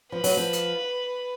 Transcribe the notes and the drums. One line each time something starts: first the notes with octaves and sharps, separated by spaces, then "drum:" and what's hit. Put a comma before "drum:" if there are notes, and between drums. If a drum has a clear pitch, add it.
F3 B4
F#3, drum: open hi-hat
F3
drum: hi-hat